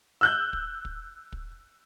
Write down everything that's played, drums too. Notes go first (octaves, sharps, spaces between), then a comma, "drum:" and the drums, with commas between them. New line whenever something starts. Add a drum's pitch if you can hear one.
E6 F#6 G6
drum: kick
drum: kick
drum: kick